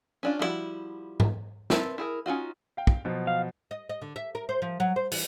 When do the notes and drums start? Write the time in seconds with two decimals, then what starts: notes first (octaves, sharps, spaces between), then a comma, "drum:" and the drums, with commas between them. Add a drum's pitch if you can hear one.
0.23 C#4 D4 F4
0.39 F3 G3 B3 E4 F#4
1.20 drum: tom G#2
1.70 C4 A#4 B4 E5 A5, drum: snare
1.98 E4 G#4 A#4
2.26 C#4 D#4 F4 F#4
2.77 F5 G5
2.87 drum: kick
3.05 B2 F3 F#3
3.27 F5
3.71 D#5
3.89 D#5
4.02 D3
4.16 E5
4.35 A#4
4.49 C5
4.62 F3
4.80 F#3
4.96 C5
5.12 E3, drum: open hi-hat